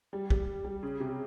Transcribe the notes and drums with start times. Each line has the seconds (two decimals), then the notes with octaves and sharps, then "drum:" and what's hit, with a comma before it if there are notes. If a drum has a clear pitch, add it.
0.13 G3
0.30 G3, drum: kick
0.64 G3
0.83 C#3
1.00 C3